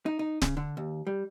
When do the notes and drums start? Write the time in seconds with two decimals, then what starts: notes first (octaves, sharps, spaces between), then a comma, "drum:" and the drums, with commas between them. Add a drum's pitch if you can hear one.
0.06 D#4
0.19 D#4
0.42 C#3, drum: snare D1
0.57 D3
0.77 D#2
1.07 G3